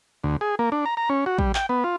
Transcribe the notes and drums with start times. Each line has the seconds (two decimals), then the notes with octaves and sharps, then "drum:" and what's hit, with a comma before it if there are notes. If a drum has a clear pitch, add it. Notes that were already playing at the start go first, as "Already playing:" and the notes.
0.24 D2
0.41 G#4
0.59 A#3
0.72 D4
0.86 A#5
0.97 A#5
1.09 C#4
1.26 F#4
1.39 G3, drum: kick
1.55 G5, drum: clap
1.69 B3
1.84 F4